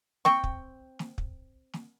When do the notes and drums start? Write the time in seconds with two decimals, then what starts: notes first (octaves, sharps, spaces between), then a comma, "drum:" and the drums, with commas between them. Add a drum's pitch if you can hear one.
0.25 C4 G5 C#6, drum: snare
0.44 drum: kick
0.99 drum: snare
1.18 drum: kick
1.73 drum: snare